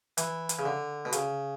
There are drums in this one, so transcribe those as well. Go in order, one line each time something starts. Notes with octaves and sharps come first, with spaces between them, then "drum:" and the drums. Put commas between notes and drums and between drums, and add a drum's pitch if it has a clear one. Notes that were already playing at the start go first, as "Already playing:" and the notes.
E3, drum: hi-hat
drum: hi-hat
C#3
D3
B2
C#3, drum: hi-hat